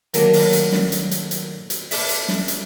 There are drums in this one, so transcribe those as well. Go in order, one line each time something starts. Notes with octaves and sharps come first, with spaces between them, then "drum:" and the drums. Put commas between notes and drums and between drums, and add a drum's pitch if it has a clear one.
D#3 F#3 A3 A#3 D4, drum: hi-hat
drum: open hi-hat
drum: hi-hat
drum: snare
drum: hi-hat
drum: hi-hat
drum: hi-hat
drum: hi-hat
A4 D5 E5, drum: open hi-hat
drum: hi-hat
drum: snare
drum: hi-hat